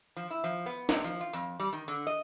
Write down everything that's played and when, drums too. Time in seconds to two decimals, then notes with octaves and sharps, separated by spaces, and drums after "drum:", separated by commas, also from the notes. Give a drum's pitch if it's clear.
0.16 F3
0.30 E4
0.44 F3
0.66 B3
0.89 C3, drum: snare
1.04 F3
1.21 F4
1.33 F2
1.60 G3
1.73 D#3
1.88 D3
2.07 D#5